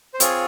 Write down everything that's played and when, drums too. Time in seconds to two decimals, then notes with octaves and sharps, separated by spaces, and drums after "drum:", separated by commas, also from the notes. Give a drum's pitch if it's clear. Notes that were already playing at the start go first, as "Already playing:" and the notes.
0.14 C5
0.20 C4 F4 G#4 C#5, drum: hi-hat